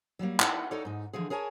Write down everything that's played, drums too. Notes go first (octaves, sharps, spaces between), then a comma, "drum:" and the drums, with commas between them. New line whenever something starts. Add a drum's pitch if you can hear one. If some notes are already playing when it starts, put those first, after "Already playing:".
F#3 G3 A3 A#3
D#4 E4 F#5, drum: clap
D#4 A4 C#5 D5
G#2 D#4
D3 E3 F3 G#4
G#4 A#4 C#5 G#5 A5